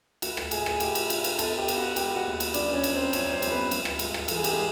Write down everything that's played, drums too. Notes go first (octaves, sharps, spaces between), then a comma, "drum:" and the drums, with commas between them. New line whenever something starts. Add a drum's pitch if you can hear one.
A3 F#4 F#5, drum: cymbal
drum: rim click
A2 G#4 G#5, drum: cymbal
G#4 G#5, drum: rim click
A3 G4 G5, drum: cymbal
drum: cymbal
D4, drum: cymbal
drum: cymbal
B3 A4 A5, drum: cymbal
G4 G5
B3, drum: cymbal
F#4 F#5
G#3 G4 G5, drum: cymbal
F#4 F#5
D#2
drum: cymbal
F#2 D4 D5, drum: cymbal
C#4 C#5
F#2, drum: cymbal
C4 C5
F#2 C#4 C#5, drum: cymbal
C4 C5
G3, drum: cymbal
B3 B4
G3, drum: cymbal
drum: rim click
G#2, drum: cymbal
drum: rim click
E3 A4, drum: cymbal
G#4
G4, drum: cymbal
G#3 G#4